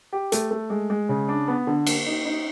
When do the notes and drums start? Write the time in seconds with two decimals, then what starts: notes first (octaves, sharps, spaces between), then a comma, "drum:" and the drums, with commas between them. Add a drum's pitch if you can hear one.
0.13 G4
0.32 A3, drum: hi-hat
0.51 A3
0.70 G#3
0.90 G#3
1.09 C#3
1.29 D4
1.48 B3
1.67 D3
1.87 A#3, drum: cymbal
2.06 D#4
2.25 D#4